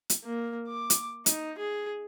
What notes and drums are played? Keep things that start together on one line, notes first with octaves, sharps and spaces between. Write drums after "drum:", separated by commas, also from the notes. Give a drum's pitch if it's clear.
drum: hi-hat
A#3
D6
drum: hi-hat
D#4, drum: hi-hat
G#4